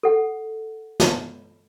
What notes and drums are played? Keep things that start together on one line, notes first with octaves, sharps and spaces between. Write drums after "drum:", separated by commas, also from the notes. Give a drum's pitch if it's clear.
A4 F#5
drum: snare